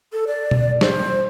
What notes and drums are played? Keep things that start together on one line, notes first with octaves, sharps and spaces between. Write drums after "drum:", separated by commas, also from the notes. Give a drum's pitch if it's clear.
A4
D5
drum: tom B2
C5, drum: snare